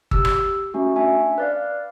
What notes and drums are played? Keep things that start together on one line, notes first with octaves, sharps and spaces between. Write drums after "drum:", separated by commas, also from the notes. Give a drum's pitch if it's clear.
G4 E6, drum: kick G1
drum: rim click
A3 C#4 F#4
D4 E5 G#5
B4 D5 F5